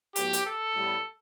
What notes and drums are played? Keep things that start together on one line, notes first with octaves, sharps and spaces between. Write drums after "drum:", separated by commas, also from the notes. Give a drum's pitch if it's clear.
A2 F#3 B3 G4, drum: hi-hat
drum: hi-hat
A4
A2 G3 B3